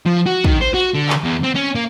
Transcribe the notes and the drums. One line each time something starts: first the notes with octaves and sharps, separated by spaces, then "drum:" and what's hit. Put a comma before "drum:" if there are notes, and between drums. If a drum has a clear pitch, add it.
F3
F#4
D#3, drum: kick
C5
F#4
D3
drum: clap
E2
C4
C#4
A#3